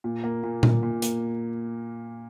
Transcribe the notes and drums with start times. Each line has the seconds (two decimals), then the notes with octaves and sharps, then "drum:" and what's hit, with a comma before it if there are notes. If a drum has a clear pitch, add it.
0.04 A#2
0.24 A#3
0.43 A#2
0.63 A#2, drum: tom A#2
0.83 A#2
1.02 A#3, drum: hi-hat